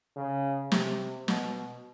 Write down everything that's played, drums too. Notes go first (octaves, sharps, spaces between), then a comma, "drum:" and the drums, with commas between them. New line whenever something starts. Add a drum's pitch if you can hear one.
C#3
C3, drum: snare
B2, drum: snare